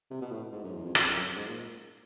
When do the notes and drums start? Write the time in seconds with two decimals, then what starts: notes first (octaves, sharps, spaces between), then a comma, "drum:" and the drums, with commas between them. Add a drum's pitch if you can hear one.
0.11 C3
0.21 B2
0.31 A2
0.52 G#2
0.64 F#2
0.74 E2
0.84 F2
0.95 F2, drum: rim click
1.09 F#2
1.37 G#2
1.47 A#2